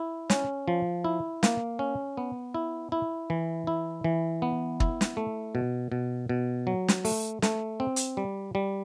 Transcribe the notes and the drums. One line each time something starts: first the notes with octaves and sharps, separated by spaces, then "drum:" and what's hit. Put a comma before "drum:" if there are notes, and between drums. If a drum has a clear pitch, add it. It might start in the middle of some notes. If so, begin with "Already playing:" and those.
Already playing: E4
C#4, drum: snare
F3
E4
A#3, drum: snare
C#4
B3
E4
E4
E3
E4
E3
B3
E4, drum: kick
drum: snare
A3
B2
B2
B2
F#3
drum: snare
A3, drum: open hi-hat
A3, drum: snare
C4
drum: hi-hat
G3
G3